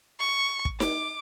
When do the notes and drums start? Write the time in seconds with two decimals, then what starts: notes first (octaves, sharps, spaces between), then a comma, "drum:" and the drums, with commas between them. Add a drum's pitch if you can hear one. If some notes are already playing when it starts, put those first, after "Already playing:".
0.20 C#6
0.65 drum: kick
0.80 D6, drum: snare D#4